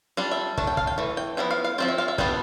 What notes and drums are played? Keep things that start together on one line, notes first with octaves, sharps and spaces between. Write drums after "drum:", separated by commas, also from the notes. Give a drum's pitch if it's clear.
G3 D4 F4 D5
E5
A3 D4 A5, drum: kick
G5
F5, drum: kick
G5
E3 A3
G5
F3 B3 E4 G5
F5
F5
F3 C4 F4 G5
E5
F5
E5
G3 B3 D4 F4 G5, drum: kick